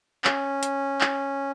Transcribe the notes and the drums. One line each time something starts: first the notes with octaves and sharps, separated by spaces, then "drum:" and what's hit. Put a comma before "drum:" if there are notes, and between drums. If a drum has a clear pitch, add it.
C#4, drum: clap
drum: hi-hat
drum: clap